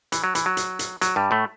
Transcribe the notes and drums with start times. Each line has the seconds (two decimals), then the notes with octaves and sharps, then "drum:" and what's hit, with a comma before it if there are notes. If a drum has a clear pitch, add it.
0.12 E3, drum: hi-hat
0.24 F#3
0.35 E3, drum: hi-hat
0.46 F#3
0.57 drum: hi-hat
0.79 drum: hi-hat
1.01 F#3, drum: hi-hat
1.16 G2 G3
1.31 A2 A3